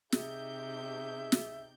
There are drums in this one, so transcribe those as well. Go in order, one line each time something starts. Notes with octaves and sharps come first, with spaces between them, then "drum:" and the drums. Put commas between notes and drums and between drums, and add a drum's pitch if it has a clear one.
C3 D#4 G4 G#4 E5 G6, drum: snare
drum: snare